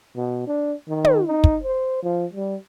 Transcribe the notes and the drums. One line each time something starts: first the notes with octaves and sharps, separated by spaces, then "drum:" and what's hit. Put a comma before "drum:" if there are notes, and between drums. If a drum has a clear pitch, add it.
B2
D4
D#3
drum: tom
D#4
drum: kick
C5
F3
G3